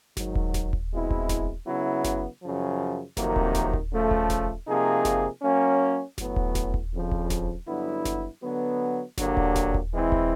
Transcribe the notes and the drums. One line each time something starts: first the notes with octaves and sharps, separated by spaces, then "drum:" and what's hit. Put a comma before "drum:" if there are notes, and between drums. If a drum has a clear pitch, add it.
G#2 D#3 F#3, drum: snare F#1
drum: kick D#1
drum: snare F#1
drum: kick D#1
B2 G#3 C4 E4
drum: kick D#1
drum: snare F#1
C#3 F#3 B3 E4
drum: snare F#1
F#2 C#3 F3
F2 C3 D#3 F#3 A#3, drum: snare F#1
drum: kick D#1
drum: snare F#1
drum: kick D#1
C#3 F3 A3
drum: kick D#1
drum: snare F#1
C3 F3 A#3 D#4 G#4
drum: snare F#1
F#3 A#3 C#4
A2 F#3 B3, drum: snare F#1
drum: kick D#1
drum: snare F#1
drum: kick D#1
F2 C#3 F3
drum: kick D#1
drum: snare F#1
G2 D3 F#3 B3 E4
drum: snare F#1
D3 F#3 B3
D3 F#3 A#3 D4 G4, drum: snare F#1
drum: kick D#1
drum: snare F#1
drum: kick D#1
E3 G#3 C4 E4
drum: kick D#1